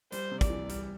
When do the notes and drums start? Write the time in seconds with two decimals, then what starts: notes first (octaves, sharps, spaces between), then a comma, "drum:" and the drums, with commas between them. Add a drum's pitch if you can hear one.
0.12 G3 C5, drum: hi-hat
0.31 C3
0.41 D5, drum: kick, hi-hat
0.50 E3
0.69 G3, drum: hi-hat